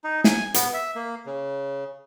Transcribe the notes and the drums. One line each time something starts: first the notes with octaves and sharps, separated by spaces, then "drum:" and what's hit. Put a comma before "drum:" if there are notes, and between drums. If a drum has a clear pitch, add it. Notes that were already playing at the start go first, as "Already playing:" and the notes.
D#4
G#5, drum: snare
B3, drum: hi-hat
E5
A#3
C#3